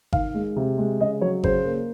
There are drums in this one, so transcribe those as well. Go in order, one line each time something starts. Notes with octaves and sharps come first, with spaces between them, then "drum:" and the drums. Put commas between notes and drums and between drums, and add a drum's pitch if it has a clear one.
D#3 F5, drum: kick G#1
G#3
C3
G#3
C#3 D#5
F#3 C#5
C#3 C5, drum: kick G#1
A#3